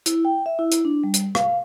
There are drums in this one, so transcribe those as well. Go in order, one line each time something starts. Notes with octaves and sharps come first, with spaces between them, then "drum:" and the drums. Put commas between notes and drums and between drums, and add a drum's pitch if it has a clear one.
E4, drum: hi-hat
G5
E5
E4
drum: hi-hat
D4
G3
drum: hi-hat
F5, drum: rim click